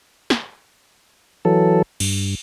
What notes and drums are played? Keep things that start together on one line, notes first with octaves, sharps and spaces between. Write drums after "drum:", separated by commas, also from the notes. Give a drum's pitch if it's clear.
drum: snare
E3 F#3 A4
G2, drum: cymbal